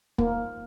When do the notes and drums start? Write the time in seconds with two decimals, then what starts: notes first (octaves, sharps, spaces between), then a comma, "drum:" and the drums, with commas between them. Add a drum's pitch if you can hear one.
0.18 A#3, drum: kick